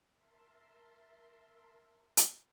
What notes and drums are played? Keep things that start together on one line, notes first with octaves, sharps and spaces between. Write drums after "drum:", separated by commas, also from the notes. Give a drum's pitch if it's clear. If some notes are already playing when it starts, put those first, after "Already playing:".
A#4 E5 A5 C6
drum: hi-hat